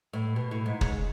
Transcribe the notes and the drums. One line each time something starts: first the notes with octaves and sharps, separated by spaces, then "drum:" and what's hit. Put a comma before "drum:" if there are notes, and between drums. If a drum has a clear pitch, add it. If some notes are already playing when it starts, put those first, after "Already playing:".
A2
B2
A2
G#2
C#3, drum: kick